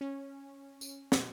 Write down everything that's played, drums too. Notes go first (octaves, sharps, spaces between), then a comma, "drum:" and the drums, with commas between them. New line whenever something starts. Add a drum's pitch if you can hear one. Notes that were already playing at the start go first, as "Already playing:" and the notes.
C#4
drum: tambourine
B2, drum: snare